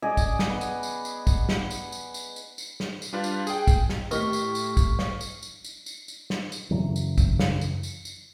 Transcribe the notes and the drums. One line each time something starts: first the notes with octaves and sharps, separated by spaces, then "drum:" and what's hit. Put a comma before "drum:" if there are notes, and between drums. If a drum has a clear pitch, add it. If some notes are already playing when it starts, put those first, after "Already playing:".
G#4 D5 D#5
drum: kick, tambourine
drum: snare
B3
drum: tambourine
drum: tambourine
drum: tambourine
drum: kick, tambourine
drum: snare
drum: tambourine
drum: tambourine
drum: tambourine
drum: tambourine
drum: tambourine
drum: snare
drum: tambourine
G3 D4 F4 B4
drum: tambourine
G#4 G5, drum: tambourine
drum: kick, tambourine
drum: snare
A2 D#3 G4 C#6 F6 B6, drum: tambourine
drum: tambourine
drum: tambourine
drum: kick, tambourine
drum: snare
drum: tambourine
drum: tambourine
drum: tambourine
drum: tambourine
drum: tambourine
drum: snare
drum: tambourine
F#2 C#3 E3 F#3
drum: tambourine
drum: kick, tambourine
drum: snare
drum: tambourine
drum: tambourine
drum: tambourine